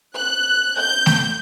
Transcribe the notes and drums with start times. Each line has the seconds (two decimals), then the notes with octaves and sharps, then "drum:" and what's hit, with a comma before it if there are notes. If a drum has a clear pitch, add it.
0.15 F#6
0.78 G6
1.06 drum: snare A3